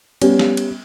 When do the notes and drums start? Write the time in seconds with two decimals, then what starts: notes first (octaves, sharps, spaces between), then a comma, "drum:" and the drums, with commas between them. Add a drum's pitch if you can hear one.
0.22 G3 B3 C#4, drum: cymbal
0.39 drum: snare
0.57 drum: cymbal